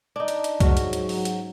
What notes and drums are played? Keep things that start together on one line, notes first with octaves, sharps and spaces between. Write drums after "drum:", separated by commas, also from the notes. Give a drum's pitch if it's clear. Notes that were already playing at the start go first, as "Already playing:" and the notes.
D4 D#4
drum: hi-hat
drum: hi-hat
G#2 F#3 C#4 F#4, drum: kick C2, hi-hat
drum: hi-hat
drum: hi-hat
drum: open hi-hat
drum: hi-hat